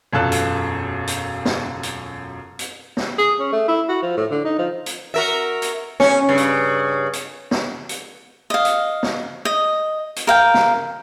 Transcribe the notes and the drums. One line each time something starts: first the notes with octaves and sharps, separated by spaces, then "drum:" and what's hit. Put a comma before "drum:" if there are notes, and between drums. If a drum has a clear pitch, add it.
E1 F#2 F4 A4 A5 F#6
drum: hi-hat
drum: hi-hat
drum: snare
drum: hi-hat
drum: hi-hat
drum: snare
G#4
C#4
A3
E4
F#4
F3
A2
D3
D#4
F3
drum: hi-hat
F#4 A#4 E5
drum: hi-hat
C#4, drum: snare
G2 C#3
drum: hi-hat
drum: hi-hat
drum: snare
drum: hi-hat
D#5 F5
drum: hi-hat
drum: snare
D#5
drum: hi-hat
A#4 F5 G5
drum: snare